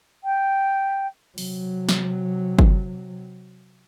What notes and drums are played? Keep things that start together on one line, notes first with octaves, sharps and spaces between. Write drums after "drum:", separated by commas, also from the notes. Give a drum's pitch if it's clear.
G5
C3 F#3, drum: open hi-hat
drum: snare
drum: kick